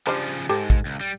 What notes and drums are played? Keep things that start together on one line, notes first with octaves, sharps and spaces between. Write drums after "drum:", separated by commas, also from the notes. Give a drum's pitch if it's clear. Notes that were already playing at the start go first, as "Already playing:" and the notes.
C#3 F3 G3 D4 C5
G#2 G4 A4 C5
drum: kick A1
C#2
G3, drum: tambourine